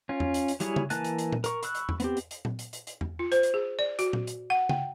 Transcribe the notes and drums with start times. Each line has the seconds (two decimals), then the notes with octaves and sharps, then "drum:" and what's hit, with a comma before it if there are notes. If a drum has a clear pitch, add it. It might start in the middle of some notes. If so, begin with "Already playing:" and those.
0.09 C#4 F4
0.20 drum: tom E2
0.34 drum: hi-hat
0.48 drum: hi-hat
0.60 F#3 G3 E4 G#4 C#5, drum: hi-hat
0.76 drum: tom C#3
0.90 E3 A#3 G#5 A5 F#6, drum: hi-hat
1.04 drum: hi-hat
1.18 drum: hi-hat
1.33 drum: tom A#2
1.44 A#4 C#6, drum: hi-hat
1.63 B5 C#6 E6 F#6, drum: hi-hat
1.75 drum: hi-hat
1.89 drum: tom E2
2.00 B3 C4 G4, drum: hi-hat
2.17 drum: hi-hat
2.31 drum: hi-hat
2.45 drum: tom A#2
2.59 drum: hi-hat
2.73 drum: hi-hat
2.87 drum: hi-hat
3.01 drum: tom E2
3.19 F4
3.32 C5, drum: hi-hat
3.43 drum: hi-hat
3.54 G#4
3.79 D5
3.99 F#4, drum: hi-hat
4.13 drum: tom A#2
4.27 drum: hi-hat
4.50 F#5
4.69 G5, drum: tom C#3